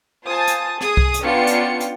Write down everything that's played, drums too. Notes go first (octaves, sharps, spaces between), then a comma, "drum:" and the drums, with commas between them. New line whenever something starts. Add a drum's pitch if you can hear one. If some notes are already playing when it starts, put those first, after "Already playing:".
F4 C5 G#5 A5 D#6
drum: hi-hat
G#4 D#6, drum: rim click
drum: kick C2
drum: hi-hat
B3 C#4 D4 F4 G5 C#7
drum: hi-hat
drum: hi-hat